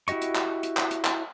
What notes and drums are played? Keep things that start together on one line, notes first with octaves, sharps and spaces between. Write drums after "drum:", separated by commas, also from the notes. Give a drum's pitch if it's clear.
E4 F#4 G4 D#5 C#6, drum: hi-hat
drum: hi-hat
drum: clap
drum: hi-hat
drum: clap
drum: hi-hat
drum: clap